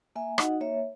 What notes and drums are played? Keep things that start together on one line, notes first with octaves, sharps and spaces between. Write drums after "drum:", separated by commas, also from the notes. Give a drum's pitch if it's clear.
A#3 E5 G#5
D#4 F#4 D#5 F#5, drum: rim click
A#3 C#5 E5